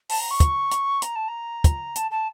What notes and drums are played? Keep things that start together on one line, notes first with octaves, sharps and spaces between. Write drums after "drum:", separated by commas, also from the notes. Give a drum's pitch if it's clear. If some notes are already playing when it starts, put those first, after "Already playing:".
A5, drum: open hi-hat
A#5
C#6
drum: kick, hi-hat
drum: hi-hat
A#5, drum: hi-hat
A5
A#5
drum: kick, hi-hat
A5, drum: hi-hat
A5